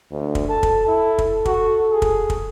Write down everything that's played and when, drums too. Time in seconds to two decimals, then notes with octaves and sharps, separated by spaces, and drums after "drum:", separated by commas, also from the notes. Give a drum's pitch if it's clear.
0.11 D2
0.35 drum: kick
0.49 A4 A5
0.63 drum: kick
0.86 E4
1.18 drum: kick
1.45 F#4, drum: kick
1.91 G#4
2.02 drum: kick
2.30 drum: kick